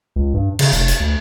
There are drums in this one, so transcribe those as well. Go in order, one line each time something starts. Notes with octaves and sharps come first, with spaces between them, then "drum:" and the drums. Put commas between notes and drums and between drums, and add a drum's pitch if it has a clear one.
C#2
G2
C#3, drum: cymbal
F1, drum: hi-hat
drum: hi-hat
D2